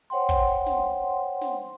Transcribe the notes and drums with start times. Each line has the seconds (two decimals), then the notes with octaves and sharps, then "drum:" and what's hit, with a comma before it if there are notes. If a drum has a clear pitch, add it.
0.10 C5 C#5 F#5 G5 C6
0.29 drum: kick
0.66 drum: snare
1.41 drum: snare